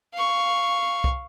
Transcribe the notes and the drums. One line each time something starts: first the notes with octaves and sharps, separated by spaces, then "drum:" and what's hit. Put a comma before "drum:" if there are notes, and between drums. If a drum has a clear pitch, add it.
F5 C#6
drum: kick